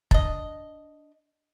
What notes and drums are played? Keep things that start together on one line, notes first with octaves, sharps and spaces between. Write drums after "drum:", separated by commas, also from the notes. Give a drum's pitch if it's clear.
D4 D#5, drum: kick